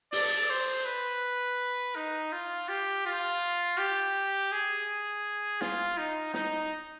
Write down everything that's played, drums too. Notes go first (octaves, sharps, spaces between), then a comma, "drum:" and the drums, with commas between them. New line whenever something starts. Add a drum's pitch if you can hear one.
D5, drum: open hi-hat
C5
B4
D#4
F4
G4
F4
G4
G#4
F4, drum: snare
D#4
D#4, drum: snare